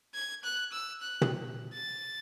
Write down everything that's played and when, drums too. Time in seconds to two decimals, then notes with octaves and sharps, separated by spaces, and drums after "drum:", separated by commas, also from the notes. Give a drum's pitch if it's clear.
0.15 G#6
0.44 F#6
0.73 E6
1.02 F#6
1.21 drum: tom
1.74 A6